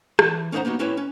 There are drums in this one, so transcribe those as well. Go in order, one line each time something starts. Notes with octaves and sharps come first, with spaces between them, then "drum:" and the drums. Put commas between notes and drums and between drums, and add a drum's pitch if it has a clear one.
E3 E5 A5, drum: rim click
C#4 D#4 B4 C5 F#5 A#5
A#3 B3 D#4 F#4
C4 C#4 E4 B4 C#5
C#4